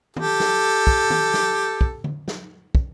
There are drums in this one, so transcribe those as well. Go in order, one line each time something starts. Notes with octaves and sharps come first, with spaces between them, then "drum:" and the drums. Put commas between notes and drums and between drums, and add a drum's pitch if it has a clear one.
G4 A4, drum: tom D#3
drum: snare
drum: kick
drum: tom D#3
drum: snare
drum: kick
drum: tom D3
drum: snare
drum: kick